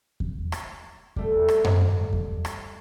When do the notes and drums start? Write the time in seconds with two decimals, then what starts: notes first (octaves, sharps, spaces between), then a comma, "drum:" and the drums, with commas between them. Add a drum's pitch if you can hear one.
0.20 drum: kick E2
0.52 drum: rim click
1.16 G3 A3, drum: kick E2
1.48 drum: rim click
1.64 drum: tom F#2
2.13 drum: kick E2
2.45 drum: rim click